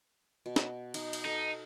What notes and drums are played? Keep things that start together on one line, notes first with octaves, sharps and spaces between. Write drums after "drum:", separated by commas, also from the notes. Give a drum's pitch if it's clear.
B2
drum: snare
D#4, drum: cymbal
drum: cymbal
D#4 A4